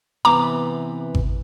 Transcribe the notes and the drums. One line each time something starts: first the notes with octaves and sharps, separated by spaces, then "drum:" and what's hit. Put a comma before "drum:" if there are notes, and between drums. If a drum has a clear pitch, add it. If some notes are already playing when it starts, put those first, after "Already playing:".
C3 E3 B3 A#5 D6
drum: kick G#1